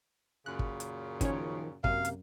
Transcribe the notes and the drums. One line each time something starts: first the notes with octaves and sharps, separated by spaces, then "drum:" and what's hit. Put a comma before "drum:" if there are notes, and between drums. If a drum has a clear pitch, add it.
F#2 A#2 C#3 F#6
drum: kick
drum: hi-hat
D#3 F3 C#4 C#5, drum: kick, hi-hat
F#2 C3 A#3 F5, drum: kick
drum: hi-hat